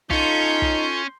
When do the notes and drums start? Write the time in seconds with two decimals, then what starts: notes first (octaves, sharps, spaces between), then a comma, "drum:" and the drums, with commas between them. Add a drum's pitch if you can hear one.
0.11 C#4 D#4 F4 A4 C6 G6, drum: kick
0.62 drum: kick